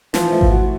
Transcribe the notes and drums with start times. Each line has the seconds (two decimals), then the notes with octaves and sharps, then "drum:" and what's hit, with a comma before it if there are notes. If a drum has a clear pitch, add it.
0.14 E3 F3, drum: snare
0.32 A3
0.41 drum: kick G#1
0.51 F#4